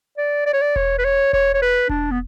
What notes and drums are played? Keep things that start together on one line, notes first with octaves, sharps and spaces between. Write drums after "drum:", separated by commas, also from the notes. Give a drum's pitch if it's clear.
D5
D5
C#5
D5
C#5, drum: kick E1
B4
C#5
C#5, drum: kick E1
C#5
B4
D4, drum: kick E1
B3